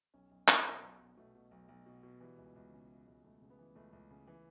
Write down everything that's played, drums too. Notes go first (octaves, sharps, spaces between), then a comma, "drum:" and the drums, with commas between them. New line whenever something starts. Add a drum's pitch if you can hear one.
B1 C#4
B1
B2, drum: clap
B2
B1
B1
B2 A3
B2
B1
B1
B2
B2
E3 G3
C#2
C#2
C#3
E3
C#2
C#2 A3
C#3
B3
E3
C#2 A3
C#2
C#3
E3